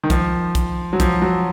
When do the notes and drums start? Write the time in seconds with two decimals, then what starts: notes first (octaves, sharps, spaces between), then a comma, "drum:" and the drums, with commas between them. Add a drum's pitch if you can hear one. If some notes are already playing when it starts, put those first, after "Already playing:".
0.03 D#3
0.10 F3, drum: kick A#1, hi-hat
0.55 drum: kick A#1, hi-hat
0.93 F#3
1.00 F3, drum: kick A#1, hi-hat
1.22 F#3